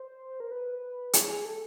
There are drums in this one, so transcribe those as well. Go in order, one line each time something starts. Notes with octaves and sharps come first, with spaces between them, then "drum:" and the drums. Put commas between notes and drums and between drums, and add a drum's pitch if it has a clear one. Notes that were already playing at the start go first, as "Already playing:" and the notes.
Already playing: C5
A#4
B4
G#4, drum: hi-hat
G#4
A4